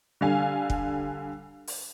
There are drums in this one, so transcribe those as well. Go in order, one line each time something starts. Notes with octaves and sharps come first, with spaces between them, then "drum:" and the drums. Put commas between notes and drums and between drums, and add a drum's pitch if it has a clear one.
D3 G3 F5 G#5
drum: kick
drum: open hi-hat